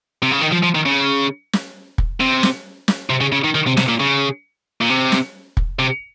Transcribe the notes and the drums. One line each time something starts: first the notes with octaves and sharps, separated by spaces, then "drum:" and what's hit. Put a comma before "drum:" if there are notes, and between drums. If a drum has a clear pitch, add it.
C3
C#3
D#3
F3
F3
D#3
C#3
drum: snare
drum: kick
C3
drum: snare
drum: snare
C3
C#3
C#3
D#3
D#3
C3
C3, drum: snare
A#2
C#3
A#2
C3
drum: snare
drum: kick
C3